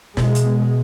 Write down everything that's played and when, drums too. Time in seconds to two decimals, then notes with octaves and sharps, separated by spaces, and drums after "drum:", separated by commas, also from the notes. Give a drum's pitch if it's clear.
0.17 B2 G#3, drum: snare
0.35 drum: hi-hat
0.44 B3